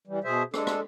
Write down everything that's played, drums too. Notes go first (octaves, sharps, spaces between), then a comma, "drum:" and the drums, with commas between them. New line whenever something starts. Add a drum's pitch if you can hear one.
E3 G3
B2 G#4 C5 E5
G#3 D4 A4, drum: rim click
drum: rim click